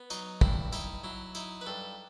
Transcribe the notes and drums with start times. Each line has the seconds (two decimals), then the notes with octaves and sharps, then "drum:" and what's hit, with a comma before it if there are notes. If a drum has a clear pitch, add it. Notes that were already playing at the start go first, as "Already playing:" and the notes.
Already playing: B3
0.10 F#3 D#4, drum: tambourine
0.41 G2 E4, drum: kick
0.72 D#4 E4, drum: tambourine
1.04 F#3 E4
1.35 D#4 E4, drum: tambourine
1.61 B4
1.66 G2 A4